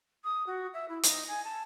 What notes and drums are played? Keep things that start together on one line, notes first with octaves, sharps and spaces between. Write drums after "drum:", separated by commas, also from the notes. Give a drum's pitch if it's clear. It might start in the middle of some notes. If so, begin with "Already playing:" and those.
D#6
F#4
E5
E4
D#4, drum: hi-hat
G#5
A5